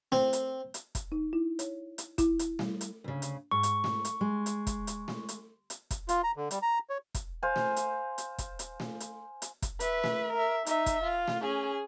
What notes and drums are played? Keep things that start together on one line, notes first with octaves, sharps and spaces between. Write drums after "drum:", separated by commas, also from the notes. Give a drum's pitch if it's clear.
C4, drum: snare A3
drum: hi-hat
drum: hi-hat
drum: kick, hi-hat
D#4
E4
C#5, drum: hi-hat
drum: hi-hat
E4, drum: kick, hi-hat
drum: hi-hat
G3, drum: snare A3
drum: hi-hat
D2 C#3
drum: hi-hat
G#2 C#6
drum: hi-hat
drum: snare A3
drum: hi-hat
G#3
drum: hi-hat
drum: kick, hi-hat
drum: hi-hat
drum: snare A3
drum: hi-hat
drum: hi-hat
drum: kick, hi-hat
F4, drum: hi-hat
A#5
D3
G3, drum: hi-hat
A#5
C#5
drum: kick, hi-hat
C5 F5 G#5
drum: snare A3
drum: hi-hat
drum: hi-hat
drum: kick, hi-hat
drum: hi-hat
drum: snare A3
drum: hi-hat
drum: hi-hat
drum: kick, hi-hat
B4 E5, drum: hi-hat
drum: snare A3
A#4 E5
D#4 E5, drum: hi-hat
drum: kick, hi-hat
F4
drum: snare A3
C#4 G#4